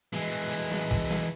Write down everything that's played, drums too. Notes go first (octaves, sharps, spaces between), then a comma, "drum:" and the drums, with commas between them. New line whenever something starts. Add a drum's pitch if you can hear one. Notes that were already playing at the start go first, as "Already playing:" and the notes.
E3 G#3, drum: hi-hat
drum: hi-hat
drum: hi-hat
drum: snare
drum: kick B1, hi-hat
drum: snare